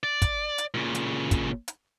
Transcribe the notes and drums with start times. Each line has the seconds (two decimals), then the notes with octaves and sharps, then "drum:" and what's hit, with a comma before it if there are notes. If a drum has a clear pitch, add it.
0.03 D5
0.22 drum: kick, hi-hat
0.58 drum: hi-hat
0.74 A#2 C#3
0.95 drum: hi-hat
1.31 drum: kick, hi-hat
1.68 drum: hi-hat